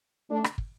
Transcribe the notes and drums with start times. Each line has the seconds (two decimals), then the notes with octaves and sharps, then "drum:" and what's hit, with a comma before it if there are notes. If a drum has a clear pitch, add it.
0.30 A3 D4
0.44 drum: rim click
0.58 drum: kick